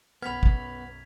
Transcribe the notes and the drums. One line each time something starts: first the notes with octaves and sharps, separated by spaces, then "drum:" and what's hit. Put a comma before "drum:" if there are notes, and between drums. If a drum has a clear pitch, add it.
B1 F#2 B3 B5 F6 G#6 B6 F7
drum: kick